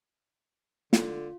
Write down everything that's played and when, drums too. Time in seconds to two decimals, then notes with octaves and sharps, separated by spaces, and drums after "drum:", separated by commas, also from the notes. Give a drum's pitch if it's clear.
0.93 D3 F4, drum: snare